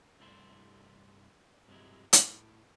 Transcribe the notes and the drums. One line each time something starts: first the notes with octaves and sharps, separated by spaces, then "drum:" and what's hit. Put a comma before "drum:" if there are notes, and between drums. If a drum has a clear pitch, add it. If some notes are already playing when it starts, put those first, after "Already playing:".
C2 G2 A3 D4 E4 C5
G2 C3 F#3 G#3 E4
A2, drum: hi-hat